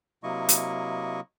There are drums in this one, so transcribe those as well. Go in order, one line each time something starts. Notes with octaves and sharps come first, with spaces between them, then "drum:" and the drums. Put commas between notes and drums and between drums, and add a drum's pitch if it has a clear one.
C3 F#3 A#3 E4 D#5 C#6
drum: hi-hat